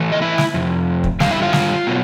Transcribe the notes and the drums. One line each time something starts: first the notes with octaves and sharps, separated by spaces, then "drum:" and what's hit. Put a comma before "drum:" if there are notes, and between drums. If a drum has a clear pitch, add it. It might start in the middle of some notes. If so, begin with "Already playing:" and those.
Already playing: A2 E3 A3
D#5
E4 E5
drum: snare
F2 C3
drum: kick
G2 D3 G3 F5, drum: snare
E4 E5
F4 F5
drum: snare
B2 F#3